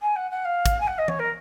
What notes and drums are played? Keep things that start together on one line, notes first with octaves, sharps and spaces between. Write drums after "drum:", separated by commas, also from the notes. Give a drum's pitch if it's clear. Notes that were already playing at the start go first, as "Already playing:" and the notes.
G#5
F#5
F#5
F5
drum: kick, hi-hat
G#5
F#5
D#5
C#5, drum: tom E3
A#4